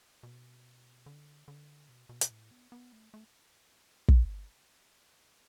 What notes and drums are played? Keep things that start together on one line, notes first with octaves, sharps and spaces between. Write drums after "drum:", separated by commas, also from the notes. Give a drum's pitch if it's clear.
B2
D3
D3
B2
B2
drum: hi-hat
A2
B3
B3
A3
A3
drum: kick